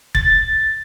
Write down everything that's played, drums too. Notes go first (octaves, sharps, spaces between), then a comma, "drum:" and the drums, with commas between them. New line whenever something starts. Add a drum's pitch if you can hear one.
A6, drum: kick F1